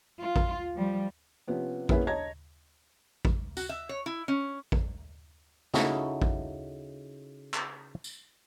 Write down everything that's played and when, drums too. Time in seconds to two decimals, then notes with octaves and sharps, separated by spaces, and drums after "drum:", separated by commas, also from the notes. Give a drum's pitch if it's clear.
0.21 F4
0.36 drum: kick A1
0.75 F3 G3
1.48 C3 F3 B3 C#4
1.89 A#3 B3 C#4 E4 G#4 B4, drum: kick A1
2.07 C#5 D#5 A5 A#5 G#6 A#6
3.25 drum: kick A1
3.57 F#4, drum: tambourine
3.69 E5
3.89 C#5
4.06 E4
4.28 C#4
4.72 drum: kick A1
5.74 C#3 D#4 E4 F#4 A4, drum: snare
6.22 drum: kick A1
7.54 drum: clap
8.04 drum: tambourine